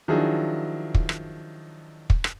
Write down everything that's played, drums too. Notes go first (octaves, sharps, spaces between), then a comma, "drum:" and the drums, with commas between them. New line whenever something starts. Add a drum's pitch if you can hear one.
D#3 F3 F#3 D4 E4 G#4
drum: kick
drum: rim click
drum: kick
drum: rim click